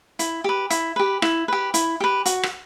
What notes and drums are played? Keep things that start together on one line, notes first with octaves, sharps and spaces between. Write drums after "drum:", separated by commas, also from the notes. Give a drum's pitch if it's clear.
E4, drum: hi-hat
G4 B4
E4, drum: hi-hat
G4 B4
E4, drum: rim click
G4 B4
E4, drum: hi-hat
G4 B4
F#4, drum: hi-hat
drum: rim click